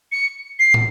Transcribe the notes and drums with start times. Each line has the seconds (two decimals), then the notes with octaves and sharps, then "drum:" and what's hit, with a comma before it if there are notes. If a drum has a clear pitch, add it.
0.12 C#7
0.59 C7
0.74 drum: tom